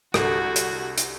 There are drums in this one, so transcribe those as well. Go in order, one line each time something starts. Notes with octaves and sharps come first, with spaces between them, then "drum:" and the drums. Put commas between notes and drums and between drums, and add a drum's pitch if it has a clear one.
C2 D3 F#4, drum: rim click
drum: hi-hat
drum: hi-hat